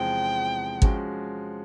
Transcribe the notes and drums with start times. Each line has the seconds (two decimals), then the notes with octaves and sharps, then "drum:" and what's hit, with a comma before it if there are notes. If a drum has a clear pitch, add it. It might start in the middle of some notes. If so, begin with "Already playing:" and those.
Already playing: E2 C3 F3 G#3 C4 G5
0.82 F3 G#3 C#4 F#4, drum: kick